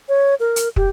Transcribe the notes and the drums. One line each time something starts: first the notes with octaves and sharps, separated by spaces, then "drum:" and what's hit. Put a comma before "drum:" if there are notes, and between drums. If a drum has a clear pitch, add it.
C#5
A#4
drum: hi-hat
G4, drum: kick